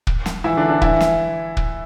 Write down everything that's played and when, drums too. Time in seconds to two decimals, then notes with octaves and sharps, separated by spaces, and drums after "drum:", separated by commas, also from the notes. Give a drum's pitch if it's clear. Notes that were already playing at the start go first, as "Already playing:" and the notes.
0.07 drum: kick
0.26 drum: snare
0.44 E3 E4
0.57 D3 D4
0.69 D3 D4
0.82 E3 E4, drum: kick
1.01 drum: snare
1.57 drum: kick